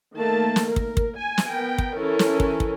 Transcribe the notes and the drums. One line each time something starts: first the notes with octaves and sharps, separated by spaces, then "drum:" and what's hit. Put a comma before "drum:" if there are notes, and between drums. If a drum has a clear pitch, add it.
D#3 A3 A#3 A5
drum: snare
A#4
drum: kick
drum: kick
G#5
drum: snare
B3 A#4 G5
drum: kick
E3 C#4 A4 A#4
drum: snare
drum: kick
drum: kick